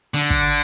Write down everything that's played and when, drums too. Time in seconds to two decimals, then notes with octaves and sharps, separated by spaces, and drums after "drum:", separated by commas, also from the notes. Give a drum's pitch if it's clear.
0.14 D3
0.30 drum: kick